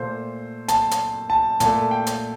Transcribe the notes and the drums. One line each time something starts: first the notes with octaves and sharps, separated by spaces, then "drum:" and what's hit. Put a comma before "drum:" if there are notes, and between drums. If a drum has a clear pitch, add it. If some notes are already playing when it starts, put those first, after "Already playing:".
Already playing: A#2 A3 C5
A5, drum: hi-hat
drum: hi-hat
A5
A#2 A3 A5, drum: hi-hat
G5
drum: hi-hat